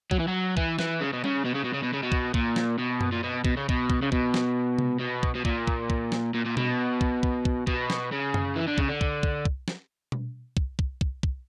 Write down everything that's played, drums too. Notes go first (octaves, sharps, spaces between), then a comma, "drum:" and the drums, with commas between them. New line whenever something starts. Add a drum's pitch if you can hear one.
F#3, drum: kick
E3
F#3
E3, drum: kick
E3, drum: snare
C#3
B2
C#3, drum: tom G3
B2
C#3
B2
C#3
B2
C#3
B2
drum: kick
A#2, drum: kick
drum: snare
B2
drum: tom F#2
A#2
B2
B2, drum: kick
C#3
B2, drum: kick
drum: kick
C#3
B2, drum: kick
drum: snare
drum: tom C3
B2
drum: kick
B2
A#2, drum: kick
drum: kick
drum: kick
drum: snare
A#2
A#2
B2, drum: tom B2
drum: kick
drum: kick
drum: kick
B2, drum: kick
drum: snare
C#3
drum: tom F#2
E3
D3
C#3, drum: kick
D3
drum: kick
drum: kick
drum: kick
drum: snare
drum: tom B2
drum: kick
drum: kick
drum: kick
drum: kick